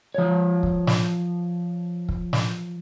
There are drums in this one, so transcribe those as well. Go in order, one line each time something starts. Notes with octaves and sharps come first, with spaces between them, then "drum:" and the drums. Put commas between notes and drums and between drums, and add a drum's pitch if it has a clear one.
F3 C#5
drum: kick
drum: snare
drum: kick
drum: snare